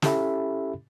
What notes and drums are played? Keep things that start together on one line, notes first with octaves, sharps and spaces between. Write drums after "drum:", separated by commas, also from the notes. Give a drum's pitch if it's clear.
C#4 E4 G4 A4 E5 B5, drum: snare